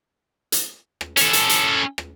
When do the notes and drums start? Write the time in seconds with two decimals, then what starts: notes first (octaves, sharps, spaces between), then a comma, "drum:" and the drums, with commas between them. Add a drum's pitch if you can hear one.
0.52 drum: hi-hat
1.01 drum: rim click
1.17 C#4 A4, drum: hi-hat
1.33 drum: hi-hat
1.49 drum: hi-hat
1.98 drum: rim click